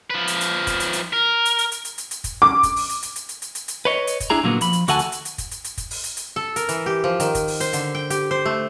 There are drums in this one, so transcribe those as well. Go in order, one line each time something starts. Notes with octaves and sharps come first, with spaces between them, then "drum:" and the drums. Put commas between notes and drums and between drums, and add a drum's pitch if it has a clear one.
F3 B4
drum: hi-hat
drum: hi-hat
drum: kick, hi-hat
drum: hi-hat
drum: hi-hat
A#4
drum: hi-hat
drum: hi-hat
drum: hi-hat
drum: hi-hat
drum: hi-hat
drum: hi-hat
drum: kick, hi-hat
D6
drum: kick, hi-hat
drum: open hi-hat
drum: hi-hat
drum: hi-hat
drum: hi-hat
drum: hi-hat
drum: hi-hat
drum: hi-hat
drum: hi-hat
B4 C#5 D#5
drum: hi-hat
drum: kick, hi-hat
D4 E4 G#4 A#5
A#2 D3 F#3 A#3 B3
F3 B5, drum: hi-hat
drum: hi-hat
D2 F#4 A4 F#5 G#5 A5, drum: hi-hat
drum: hi-hat
drum: hi-hat
drum: hi-hat
drum: kick, hi-hat
drum: hi-hat
drum: hi-hat
drum: kick, hi-hat
drum: open hi-hat
drum: hi-hat
drum: hi-hat
A4
A#4, drum: hi-hat
E3, drum: hi-hat
G4
F3
D#3, drum: hi-hat
drum: kick, hi-hat
drum: open hi-hat
C5, drum: hi-hat
D3, drum: hi-hat
G5
G4, drum: hi-hat
C5
A3